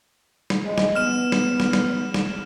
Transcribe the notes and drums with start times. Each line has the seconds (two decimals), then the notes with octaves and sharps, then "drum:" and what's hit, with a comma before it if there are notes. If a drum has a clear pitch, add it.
0.50 drum: snare
0.64 F2 G#3
0.78 drum: snare
0.96 B3 F6 E7
1.32 drum: snare
1.60 drum: snare
1.73 drum: snare
2.14 drum: snare